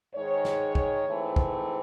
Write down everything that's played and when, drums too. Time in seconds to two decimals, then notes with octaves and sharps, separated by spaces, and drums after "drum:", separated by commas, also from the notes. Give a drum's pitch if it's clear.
0.14 G#2 D#3 G#3 C#5
0.45 drum: snare
0.75 drum: kick
1.06 G#2 E3 A3 C4
1.36 drum: kick